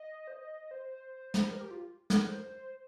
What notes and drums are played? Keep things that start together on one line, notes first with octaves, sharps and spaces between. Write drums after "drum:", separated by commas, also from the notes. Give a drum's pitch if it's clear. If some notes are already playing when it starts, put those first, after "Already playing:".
Already playing: D#5
C5
D#5
C5
drum: snare
A#4
G4
F4
A#4, drum: snare
C5